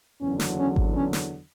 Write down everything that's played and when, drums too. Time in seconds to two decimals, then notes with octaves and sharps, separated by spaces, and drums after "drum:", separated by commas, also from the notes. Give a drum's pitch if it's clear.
0.21 F#1 E2 D3 F#3 C#4
0.40 drum: snare
0.58 C#4
0.76 drum: kick G#1
0.94 C#4
1.13 drum: snare